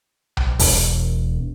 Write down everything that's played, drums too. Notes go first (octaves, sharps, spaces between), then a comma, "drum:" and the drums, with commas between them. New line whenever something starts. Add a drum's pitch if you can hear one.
drum: tom B1
E1, drum: open hi-hat